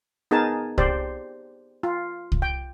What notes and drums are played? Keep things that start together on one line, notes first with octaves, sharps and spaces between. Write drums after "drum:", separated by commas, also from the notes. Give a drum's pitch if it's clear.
B3 D#4 G#4 A#4 G#5 A5
G4 C5 D5, drum: kick C2
F4
drum: kick C2
G5